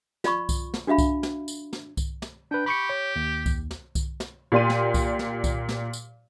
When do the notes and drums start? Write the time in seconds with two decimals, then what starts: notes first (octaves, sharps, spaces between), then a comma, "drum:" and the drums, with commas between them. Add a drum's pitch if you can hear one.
0.24 F4 D5 B5 C#6, drum: snare
0.49 drum: kick C2, tambourine
0.74 drum: snare
0.87 D4 F#4 E5 F5 B5
0.98 drum: kick C2, tambourine
1.23 drum: snare
1.48 drum: tambourine
1.73 drum: snare
1.97 drum: kick C2, tambourine
2.22 drum: snare
2.51 D4 B4 G5
2.66 G4 B5 C#6 C#7
2.90 C#5
3.16 D#2
3.46 drum: kick C2, tambourine
3.71 drum: snare
3.95 drum: kick C2, tambourine
4.20 drum: snare
4.52 A#2 G4 D5 C6 D#7
4.70 drum: snare
4.94 drum: kick C2, tambourine
5.19 drum: snare
5.44 drum: kick C2, tambourine
5.69 drum: snare
5.93 drum: tambourine